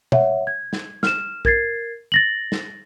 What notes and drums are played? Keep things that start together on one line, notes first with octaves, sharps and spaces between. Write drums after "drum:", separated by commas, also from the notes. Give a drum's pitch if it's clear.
C#5 E5 F#5, drum: tom
G#6
drum: snare
F6 E7, drum: snare
A#4 G#6 A6 C7, drum: kick B1
A6 A#6 F#7
drum: snare